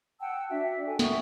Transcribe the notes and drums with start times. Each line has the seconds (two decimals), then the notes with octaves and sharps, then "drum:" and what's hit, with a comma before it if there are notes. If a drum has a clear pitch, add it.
0.20 F#5 G5 A5 E6
0.50 D4 F#4 E5
0.86 A4 G5 G#5
0.99 E5 F#5 C#6 D#6, drum: snare